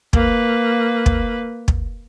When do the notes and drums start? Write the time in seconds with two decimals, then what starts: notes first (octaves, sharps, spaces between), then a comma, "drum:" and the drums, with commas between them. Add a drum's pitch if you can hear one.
0.13 A#3 B4, drum: kick
1.06 drum: kick
1.68 drum: kick